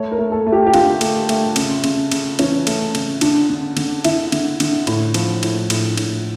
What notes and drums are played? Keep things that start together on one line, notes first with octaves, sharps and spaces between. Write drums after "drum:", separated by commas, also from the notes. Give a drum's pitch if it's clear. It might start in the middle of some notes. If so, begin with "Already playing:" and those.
Already playing: A3 C#5
A#4
A3
A4
A3
G4
G4
D3 F4, drum: cymbal
A3, drum: cymbal
A3, drum: cymbal
C#3, drum: cymbal
C#3, drum: cymbal
C#3, drum: cymbal
E3 C#4, drum: cymbal
A3, drum: cymbal
C#3, drum: cymbal
D3 D4, drum: cymbal
D3
D3, drum: cymbal
D3 E4, drum: cymbal
D3, drum: cymbal
D3, drum: cymbal
A2, drum: cymbal
F3, drum: cymbal
A2, drum: cymbal
A2, drum: cymbal
A2, drum: cymbal